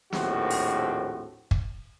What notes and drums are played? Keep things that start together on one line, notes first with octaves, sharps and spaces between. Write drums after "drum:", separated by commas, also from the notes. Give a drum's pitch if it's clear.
A#1 D#2 A2 C4 F#4, drum: snare
drum: open hi-hat
drum: kick